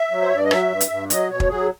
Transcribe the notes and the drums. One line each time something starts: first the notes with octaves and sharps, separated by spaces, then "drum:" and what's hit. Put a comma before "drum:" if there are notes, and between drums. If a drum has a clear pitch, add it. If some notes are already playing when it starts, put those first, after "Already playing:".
Already playing: E5
F#3
C5
C#5
G2
D5
D#5
F#3 E5, drum: rim click
G2
drum: hi-hat
G2
F#3 D#5, drum: hi-hat
B2 C#5
drum: kick
F#3 G#4